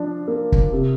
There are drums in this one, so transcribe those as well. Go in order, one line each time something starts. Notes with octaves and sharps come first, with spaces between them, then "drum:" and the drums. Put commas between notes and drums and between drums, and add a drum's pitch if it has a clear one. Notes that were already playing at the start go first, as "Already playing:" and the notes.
Already playing: F3 D4
A#3
drum: kick
C3